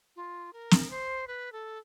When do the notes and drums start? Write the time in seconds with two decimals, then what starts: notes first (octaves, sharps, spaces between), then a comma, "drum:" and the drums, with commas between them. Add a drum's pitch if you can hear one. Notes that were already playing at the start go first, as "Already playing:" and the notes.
0.16 F4
0.53 A#4
0.71 drum: snare
0.90 C5
1.27 B4
1.52 A4